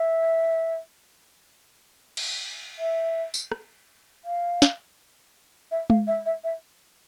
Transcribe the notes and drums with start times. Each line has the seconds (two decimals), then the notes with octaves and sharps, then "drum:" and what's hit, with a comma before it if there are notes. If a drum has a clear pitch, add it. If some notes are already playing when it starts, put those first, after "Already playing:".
Already playing: E5
2.17 drum: cymbal
2.79 E5
3.34 drum: tambourine
3.52 drum: rim click
4.25 F5
4.62 drum: snare
5.71 E5
5.90 F5, drum: tom G#3
6.07 E5
6.26 E5
6.44 E5